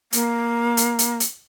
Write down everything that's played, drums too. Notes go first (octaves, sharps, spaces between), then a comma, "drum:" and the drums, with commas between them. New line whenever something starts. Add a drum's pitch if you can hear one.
A#3, drum: hi-hat
drum: hi-hat
drum: hi-hat
drum: hi-hat